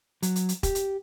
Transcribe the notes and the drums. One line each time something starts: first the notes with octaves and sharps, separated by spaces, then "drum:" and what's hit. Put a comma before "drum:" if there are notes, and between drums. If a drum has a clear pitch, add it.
F#3, drum: hi-hat
drum: hi-hat
drum: hi-hat
G4, drum: kick E1, hi-hat
drum: hi-hat